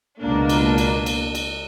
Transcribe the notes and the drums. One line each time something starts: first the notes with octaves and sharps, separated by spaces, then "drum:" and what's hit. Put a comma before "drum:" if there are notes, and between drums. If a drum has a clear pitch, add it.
C#2 B2 A#3 D4
drum: cymbal
drum: cymbal
drum: cymbal
drum: cymbal